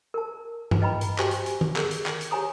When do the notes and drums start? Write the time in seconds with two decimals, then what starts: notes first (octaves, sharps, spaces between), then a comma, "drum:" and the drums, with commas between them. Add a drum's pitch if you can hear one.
0.14 A#4 A5
0.71 drum: tom G2
0.81 B4 D#5 G5 A#5 B5
1.01 drum: hi-hat
1.18 F#4 G4 C5 G5 G#5 C#6, drum: clap
1.31 drum: hi-hat
1.46 drum: hi-hat
1.61 drum: tom D#3
1.76 G#4 A#4, drum: clap
1.91 drum: hi-hat
2.06 drum: clap
2.21 drum: hi-hat
2.31 G4 C#5 G#5 A#5 D#6